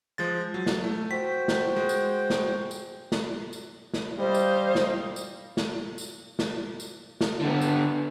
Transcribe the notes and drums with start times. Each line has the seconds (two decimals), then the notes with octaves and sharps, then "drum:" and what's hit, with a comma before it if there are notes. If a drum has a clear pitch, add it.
0.18 F3 G#3 A6
0.54 F#3
0.66 drum: snare
0.84 A3
1.11 F#4 C5 G5 B6
1.48 drum: snare
1.76 G#3
1.89 drum: tambourine
2.30 drum: snare
2.71 drum: tambourine
3.12 drum: snare
3.53 drum: tambourine
3.94 drum: snare
4.18 G3 C5 D#5 F5
4.34 drum: tambourine
4.75 drum: snare
5.16 drum: tambourine
5.57 drum: snare
5.98 drum: tambourine
6.39 drum: snare
6.80 drum: tambourine
7.21 drum: snare
7.41 D3 B3
7.61 drum: tambourine